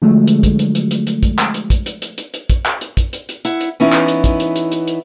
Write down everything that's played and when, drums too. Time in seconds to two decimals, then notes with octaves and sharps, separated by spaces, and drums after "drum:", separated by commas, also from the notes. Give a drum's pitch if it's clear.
0.02 D3 F3 F#3 G#3 A3
0.27 drum: hi-hat
0.43 drum: kick, hi-hat
0.59 drum: hi-hat
0.75 drum: hi-hat
0.91 drum: hi-hat
1.07 drum: hi-hat
1.23 drum: kick, hi-hat
1.39 drum: clap
1.54 drum: hi-hat
1.70 drum: kick, hi-hat
1.86 drum: hi-hat
2.02 drum: hi-hat
2.18 drum: hi-hat
2.34 drum: hi-hat
2.50 drum: kick, hi-hat
2.65 drum: clap
2.81 drum: hi-hat
2.97 drum: kick, hi-hat
3.13 drum: hi-hat
3.29 drum: hi-hat
3.45 E4 F#5, drum: hi-hat
3.61 drum: hi-hat
3.80 E3 B3 C#4 D#4 E4
3.92 drum: clap
4.08 drum: hi-hat
4.24 drum: kick, hi-hat
4.40 drum: hi-hat
4.56 drum: hi-hat
4.72 drum: hi-hat
4.87 drum: hi-hat